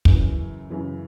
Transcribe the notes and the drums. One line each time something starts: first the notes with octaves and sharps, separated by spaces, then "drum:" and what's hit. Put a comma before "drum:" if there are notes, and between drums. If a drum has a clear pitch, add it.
F#2 C#3 E3, drum: kick
F#2 C#3 E3